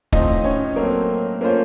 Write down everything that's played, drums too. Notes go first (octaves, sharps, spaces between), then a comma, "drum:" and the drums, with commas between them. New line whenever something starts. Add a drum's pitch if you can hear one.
A2 F3 C4 D#4 D#5, drum: kick
C#4 C#5
F#3 A3 A#3 C4 A#4
A3 A#3 C#4 F4 A#4 C5